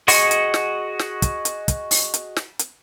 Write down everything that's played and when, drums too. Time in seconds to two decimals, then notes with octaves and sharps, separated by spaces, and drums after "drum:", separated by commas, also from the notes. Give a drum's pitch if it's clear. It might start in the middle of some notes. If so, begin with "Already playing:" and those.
0.08 F#4 G#4 D#5 F#5 C#6, drum: open hi-hat
0.31 drum: hi-hat
0.54 drum: snare
0.99 drum: snare
1.22 drum: kick, hi-hat
1.45 drum: hi-hat
1.68 drum: kick, hi-hat
1.91 drum: open hi-hat
2.14 drum: hi-hat
2.36 drum: snare
2.59 drum: hi-hat